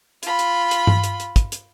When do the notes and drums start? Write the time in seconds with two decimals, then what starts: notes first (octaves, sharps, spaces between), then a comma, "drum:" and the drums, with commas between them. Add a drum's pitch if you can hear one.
0.23 F4 B5, drum: hi-hat
0.39 drum: hi-hat
0.71 drum: hi-hat
0.87 drum: tom G2
1.04 drum: hi-hat
1.20 drum: hi-hat
1.36 drum: kick, hi-hat
1.52 drum: hi-hat